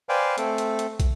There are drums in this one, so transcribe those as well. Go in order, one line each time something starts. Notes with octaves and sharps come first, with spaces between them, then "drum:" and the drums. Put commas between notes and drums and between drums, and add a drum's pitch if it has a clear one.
B4 C5 D5 F5 G5 G#5
A3 C4 A4, drum: hi-hat
drum: hi-hat
drum: hi-hat
drum: kick, hi-hat